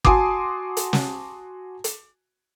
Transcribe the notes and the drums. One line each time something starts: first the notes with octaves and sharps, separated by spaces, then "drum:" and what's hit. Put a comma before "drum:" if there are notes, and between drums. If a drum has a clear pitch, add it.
F#4 G#5 A5 C6 D6 D#6, drum: kick
drum: hi-hat
drum: snare
drum: hi-hat